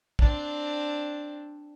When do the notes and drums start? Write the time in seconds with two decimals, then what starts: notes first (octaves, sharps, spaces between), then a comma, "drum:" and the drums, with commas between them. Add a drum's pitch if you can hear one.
0.19 C4 D4, drum: kick